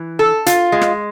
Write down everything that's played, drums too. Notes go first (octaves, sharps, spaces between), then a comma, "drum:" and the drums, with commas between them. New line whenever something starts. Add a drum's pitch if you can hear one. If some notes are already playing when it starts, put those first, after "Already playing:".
Already playing: E3
A4
F4, drum: hi-hat
G#3
drum: rim click